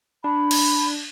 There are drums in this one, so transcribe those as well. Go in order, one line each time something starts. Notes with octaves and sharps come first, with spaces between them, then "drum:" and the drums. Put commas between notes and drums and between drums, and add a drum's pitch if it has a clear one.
D4 B5
drum: cymbal